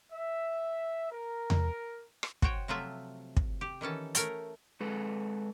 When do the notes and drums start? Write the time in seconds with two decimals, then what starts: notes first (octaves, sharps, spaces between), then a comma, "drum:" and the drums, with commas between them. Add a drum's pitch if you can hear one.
0.12 E5
1.11 A#4
1.50 drum: tom E2
2.23 drum: rim click
2.42 F#4 C5 C#5 G5, drum: kick
2.68 C3 F3 F#3 A3 F4 E5
3.37 drum: kick
3.61 G4
3.81 D#3 E3 C#4 A4
4.15 A3 A#4 C#5 G5, drum: hi-hat
4.80 G#3 A4 B4